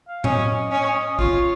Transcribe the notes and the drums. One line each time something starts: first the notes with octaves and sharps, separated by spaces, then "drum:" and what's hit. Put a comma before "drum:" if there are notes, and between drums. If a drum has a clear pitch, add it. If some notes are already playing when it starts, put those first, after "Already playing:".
F5
C#4 D#5, drum: tom A2
C#4
F4 C#5, drum: kick A#1